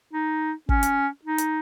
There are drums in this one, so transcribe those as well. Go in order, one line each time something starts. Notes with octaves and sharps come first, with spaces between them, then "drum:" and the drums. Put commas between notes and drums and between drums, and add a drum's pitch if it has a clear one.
D#4
C#4, drum: kick
drum: hi-hat
D#4
drum: hi-hat